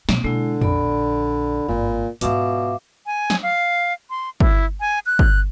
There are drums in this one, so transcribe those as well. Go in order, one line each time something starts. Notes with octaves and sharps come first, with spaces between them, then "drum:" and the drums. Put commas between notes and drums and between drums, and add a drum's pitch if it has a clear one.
B2 A#3 C4, drum: snare
B2 D3 G#3 E4
A#1 D5 B5, drum: tom
G#1 G2 A#2
G#2 B2 F4 E5 F5 D6, drum: hi-hat
G#5
drum: snare
F5
C6
E4, drum: kick
G#5
F#6
drum: kick